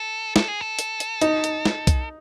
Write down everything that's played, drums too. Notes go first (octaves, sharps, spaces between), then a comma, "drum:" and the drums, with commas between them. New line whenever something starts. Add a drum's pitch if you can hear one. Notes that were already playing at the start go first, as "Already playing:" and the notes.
Already playing: A4
A4, drum: snare
G#4
A4
drum: hi-hat
drum: hi-hat
D#4, drum: hi-hat
drum: hi-hat
drum: snare
drum: kick B1, hi-hat